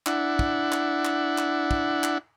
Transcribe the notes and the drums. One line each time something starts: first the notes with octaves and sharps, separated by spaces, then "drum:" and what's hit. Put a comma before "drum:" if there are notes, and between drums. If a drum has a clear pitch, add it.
D4 E4 F#5, drum: clap
drum: kick
drum: clap
drum: clap
drum: clap
drum: kick
drum: clap